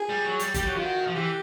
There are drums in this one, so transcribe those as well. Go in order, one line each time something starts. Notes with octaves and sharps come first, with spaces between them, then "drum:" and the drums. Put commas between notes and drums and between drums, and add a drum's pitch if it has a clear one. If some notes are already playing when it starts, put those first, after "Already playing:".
Already playing: G#4
G3
F#3
G3, drum: hi-hat
G3 G4, drum: kick G1, hi-hat
F#3
D#3 F4
F#4
F3
E3 G4